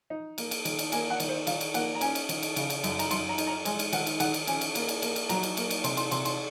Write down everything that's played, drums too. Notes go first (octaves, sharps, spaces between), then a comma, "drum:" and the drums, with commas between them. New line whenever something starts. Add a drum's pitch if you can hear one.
D#4
A#3, drum: cymbal
drum: cymbal
D#3, drum: cymbal
drum: cymbal
A#3 G#5, drum: cymbal
F#5
D#3, drum: cymbal
C5
D#3 F5, drum: cymbal
drum: cymbal
A#3 F#5, drum: cymbal
A#5
C#4 G#5, drum: cymbal
drum: cymbal
D#3, drum: cymbal
drum: cymbal
C#3, drum: cymbal
drum: cymbal
F#2, drum: cymbal
A#5, drum: cymbal
F#2 C6, drum: cymbal
A#5
D#4, drum: cymbal
A#5
G#3 G#5, drum: cymbal
drum: cymbal
D#3 F#5, drum: cymbal
drum: cymbal
D#3 F#5, drum: cymbal
drum: cymbal
C#4 G#5, drum: cymbal
drum: cymbal
A#3, drum: cymbal
drum: cymbal
A#3, drum: cymbal
drum: cymbal
F#3 A#5, drum: cymbal
drum: cymbal
A#3, drum: cymbal
drum: cymbal
C3 C6, drum: cymbal
C6, drum: cymbal
C3 C6, drum: cymbal
C6, drum: cymbal